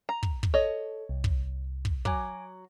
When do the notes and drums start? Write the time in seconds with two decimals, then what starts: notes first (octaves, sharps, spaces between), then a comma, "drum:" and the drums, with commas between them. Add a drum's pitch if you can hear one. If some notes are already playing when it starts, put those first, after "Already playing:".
0.09 A#5
0.23 drum: kick
0.43 drum: kick
0.54 A4 C#5 D#5
1.09 C2
1.24 drum: kick
1.85 drum: kick
2.05 F#3 G#5 D6, drum: kick